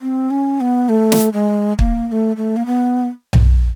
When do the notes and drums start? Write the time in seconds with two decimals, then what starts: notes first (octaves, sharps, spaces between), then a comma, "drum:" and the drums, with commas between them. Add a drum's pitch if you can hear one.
0.01 C4
0.31 C#4
0.61 B3
0.89 A3
1.12 drum: snare
1.33 G#3
1.79 A#3, drum: kick
2.08 A#3
2.12 A3
2.37 A3
2.56 A#3
2.66 B3
3.33 drum: tom B1